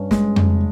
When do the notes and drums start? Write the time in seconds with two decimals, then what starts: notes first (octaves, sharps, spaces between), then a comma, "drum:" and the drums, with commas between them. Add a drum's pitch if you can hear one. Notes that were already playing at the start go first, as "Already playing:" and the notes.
Already playing: G2 C#4
0.11 G#3, drum: snare
0.36 drum: tom F2